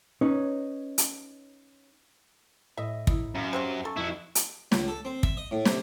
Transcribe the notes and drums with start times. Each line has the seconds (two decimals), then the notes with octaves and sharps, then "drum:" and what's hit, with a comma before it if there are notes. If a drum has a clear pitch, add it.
0.21 C#4 D#4 B4 C#5
0.98 drum: hi-hat
2.77 A2 D#5 E5
3.07 D#4 E4, drum: kick
3.35 F#2 F5 A#5 B5
3.53 C3 C4 C#6
3.85 A4 G#5 C#6 A6
3.97 F2 E4 F#4
4.35 drum: hi-hat
4.72 C#2, drum: snare
4.88 A4
5.05 C4
5.23 E5, drum: kick
5.37 D#5
5.51 A2
5.65 C3, drum: snare